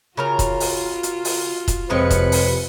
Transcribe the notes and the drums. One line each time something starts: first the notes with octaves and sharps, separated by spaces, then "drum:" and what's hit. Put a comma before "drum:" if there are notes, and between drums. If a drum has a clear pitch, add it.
C#3 F4 F#4 A#4 A#5
drum: kick E1, hi-hat
drum: open hi-hat
drum: hi-hat
drum: open hi-hat
drum: kick E1, hi-hat
F2 A2 C3 F3 G#3 B4 C#7
drum: kick E1, hi-hat
drum: open hi-hat